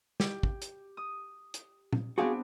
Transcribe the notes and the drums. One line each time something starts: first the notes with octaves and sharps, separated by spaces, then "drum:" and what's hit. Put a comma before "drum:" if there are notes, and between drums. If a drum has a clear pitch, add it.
G4, drum: snare
drum: kick
drum: hi-hat
D#6
drum: hi-hat
drum: tom A#2
B3 C4 D4 F#4 G#4 F5